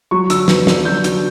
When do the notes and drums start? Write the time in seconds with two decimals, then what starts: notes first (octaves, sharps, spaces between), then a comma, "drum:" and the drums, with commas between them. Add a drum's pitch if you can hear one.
0.11 F#3 C#6
0.30 D3 E6, drum: hi-hat
0.48 B3, drum: snare
0.67 D4, drum: snare
0.85 F#3 G6
1.04 D3 G6, drum: hi-hat